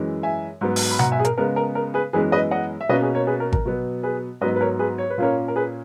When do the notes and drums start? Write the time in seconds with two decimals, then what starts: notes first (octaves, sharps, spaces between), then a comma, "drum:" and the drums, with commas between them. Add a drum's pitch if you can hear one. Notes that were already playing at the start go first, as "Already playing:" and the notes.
Already playing: F#2 E3 G#3
0.23 E5 G#5
0.61 G#2 F#3 B3
0.76 drum: open hi-hat
0.91 B5
0.99 F#5 A#5, drum: tom B2
1.12 E5 G#5
1.19 G#4
1.25 A#4, drum: hi-hat
1.38 C#3 G#3 B3 A#4
1.56 A#4
1.75 A#4
1.94 G#4 B4
2.13 F#2 E3 G#3 B3 G#4 B4
2.32 B4 D#5
2.51 D#5 F#5
2.81 E5
2.89 B2 A#3 C#4 B4 D#5
3.02 G#4 B4
3.15 A#4 C#5
3.27 G#4 B4
3.40 A#4
3.53 A#4, drum: kick G#1
3.65 B2 F#3 B3
4.03 G#4 B4
4.41 G#2 F#3 B3 B4 D#5
4.56 B4
4.61 A#4 C#5
4.79 G#4 B4
4.98 C#5
5.10 B4
5.18 A#2 A#3 C#4 A#4 C#5
5.48 A#4
5.56 G#4 B4